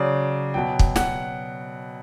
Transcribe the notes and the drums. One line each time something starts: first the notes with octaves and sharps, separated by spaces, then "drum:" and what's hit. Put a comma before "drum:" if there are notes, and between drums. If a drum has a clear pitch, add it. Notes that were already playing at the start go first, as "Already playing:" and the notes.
Already playing: C#3 F#3 D5
B2 F#3 G5
drum: kick
F#5, drum: snare